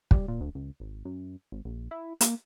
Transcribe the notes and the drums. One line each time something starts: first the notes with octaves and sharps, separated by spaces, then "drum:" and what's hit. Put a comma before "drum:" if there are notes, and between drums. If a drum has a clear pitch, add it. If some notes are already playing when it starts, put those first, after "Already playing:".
G3, drum: kick
A#2
D2
C#2
G#1
F#2
G#1
A#1
E4
A#3, drum: hi-hat